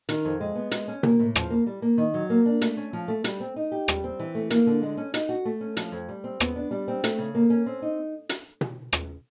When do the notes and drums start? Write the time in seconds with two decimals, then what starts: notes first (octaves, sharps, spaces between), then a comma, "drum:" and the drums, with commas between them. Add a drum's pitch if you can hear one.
0.09 D#3, drum: hi-hat
0.25 F2
0.40 G#3
0.55 B3
0.71 G#3, drum: hi-hat
0.88 C#4
1.03 A#3, drum: tom B2
1.19 A2
1.35 F3, drum: rim click
1.50 A#3
1.66 G3
1.82 A#3
1.98 D#3
2.14 F#3
2.30 A#3
2.46 D4
2.61 A3, drum: hi-hat
2.77 C#4
2.93 F3
3.08 A3
3.24 G3, drum: hi-hat
3.40 C4
3.56 D#4
3.72 G4
3.88 G3, drum: rim click
4.04 C4
4.19 E3
4.35 A3
4.50 A#3, drum: hi-hat
4.67 D3
4.82 G#3
4.97 C#4
5.14 D#4, drum: hi-hat
5.29 F#4
5.45 A3
5.61 C#4
5.77 F3, drum: hi-hat
5.92 F2
6.09 G3
6.24 C4
6.40 B3, drum: rim click
6.56 D4
6.71 G3
6.88 C4
7.04 A3, drum: hi-hat
7.19 C#3
7.35 A#3
7.50 C#4
7.66 C4
7.82 D#4
8.29 drum: hi-hat
8.61 drum: tom B2
8.93 drum: rim click